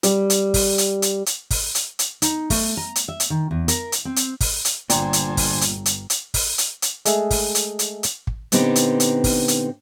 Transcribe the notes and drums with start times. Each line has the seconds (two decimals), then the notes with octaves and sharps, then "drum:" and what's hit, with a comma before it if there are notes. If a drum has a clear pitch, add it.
0.03 G3, drum: hi-hat
0.30 drum: hi-hat
0.54 drum: kick, open hi-hat
0.78 drum: hi-hat
1.02 drum: hi-hat
1.26 drum: hi-hat
1.51 drum: kick, open hi-hat
1.75 drum: hi-hat
1.99 drum: hi-hat
2.22 D#4, drum: hi-hat
2.50 A3, drum: kick, open hi-hat
2.77 A#5
2.96 drum: hi-hat
3.08 E5
3.20 drum: hi-hat
3.30 D#3
3.51 E2
3.68 A#4, drum: hi-hat
3.92 drum: hi-hat
4.05 C4
4.16 drum: hi-hat
4.41 drum: kick, open hi-hat
4.65 drum: hi-hat
4.90 G1 A#2 D3 C5 G5 G#5 A#5, drum: hi-hat
5.13 drum: hi-hat
5.37 drum: kick, open hi-hat
5.61 drum: hi-hat
5.86 drum: hi-hat
6.10 drum: hi-hat
6.34 drum: kick, open hi-hat
6.58 drum: hi-hat
6.82 drum: hi-hat
7.05 G#3 A3 G#4 E5, drum: hi-hat
7.31 drum: kick, open hi-hat
7.55 drum: hi-hat
7.79 drum: hi-hat
8.03 drum: hi-hat
8.27 drum: kick
8.52 A#2 D3 B3 C4 D#4 G4, drum: hi-hat
8.76 drum: hi-hat
9.00 drum: hi-hat
9.24 drum: kick, open hi-hat
9.48 drum: hi-hat